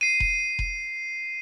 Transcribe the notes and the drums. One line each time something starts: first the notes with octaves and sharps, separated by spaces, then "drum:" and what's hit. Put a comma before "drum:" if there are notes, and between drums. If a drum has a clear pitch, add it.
C7 D#7
drum: kick F1
drum: kick F1